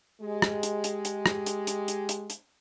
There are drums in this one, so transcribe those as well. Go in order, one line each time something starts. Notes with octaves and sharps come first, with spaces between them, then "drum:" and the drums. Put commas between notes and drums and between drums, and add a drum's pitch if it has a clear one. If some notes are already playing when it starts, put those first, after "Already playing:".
G#3 G4
drum: rim click
drum: hi-hat
drum: hi-hat
drum: hi-hat
drum: rim click
drum: hi-hat
drum: hi-hat
drum: hi-hat
drum: hi-hat
drum: hi-hat